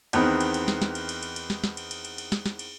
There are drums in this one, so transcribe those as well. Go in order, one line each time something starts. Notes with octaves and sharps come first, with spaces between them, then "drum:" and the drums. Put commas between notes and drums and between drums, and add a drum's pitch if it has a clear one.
E2 D#3 B3 C4 D#4, drum: cymbal
drum: cymbal
drum: cymbal
drum: snare
drum: snare
drum: cymbal
drum: cymbal
drum: cymbal
drum: cymbal
drum: snare
drum: snare
drum: cymbal
drum: cymbal
drum: cymbal
drum: cymbal
drum: snare
drum: snare
drum: cymbal